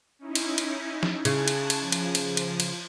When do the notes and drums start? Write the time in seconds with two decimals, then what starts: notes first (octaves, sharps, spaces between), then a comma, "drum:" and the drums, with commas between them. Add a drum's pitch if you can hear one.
0.19 C#4 D#4 E4
0.35 drum: cymbal
0.58 drum: cymbal
1.03 drum: snare
1.25 C#3 A5 F#6 G#6, drum: cymbal
1.48 drum: cymbal
1.70 drum: cymbal
1.80 F3
1.92 drum: cymbal
2.15 drum: cymbal
2.37 drum: cymbal
2.60 drum: cymbal